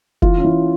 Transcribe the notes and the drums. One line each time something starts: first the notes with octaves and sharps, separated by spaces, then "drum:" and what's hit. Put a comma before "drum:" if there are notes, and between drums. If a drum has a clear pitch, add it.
E3 F4, drum: kick
C#4
E3 E4